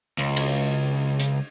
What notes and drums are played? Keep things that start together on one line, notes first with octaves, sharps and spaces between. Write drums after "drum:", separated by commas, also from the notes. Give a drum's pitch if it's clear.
C#2
drum: cymbal
drum: hi-hat